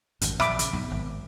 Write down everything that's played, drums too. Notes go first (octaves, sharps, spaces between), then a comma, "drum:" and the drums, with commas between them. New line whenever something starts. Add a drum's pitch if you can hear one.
G#1 F#2, drum: hi-hat
A#1 E5 B5 D6, drum: rim click
C#3, drum: hi-hat
B1 G#2
G#1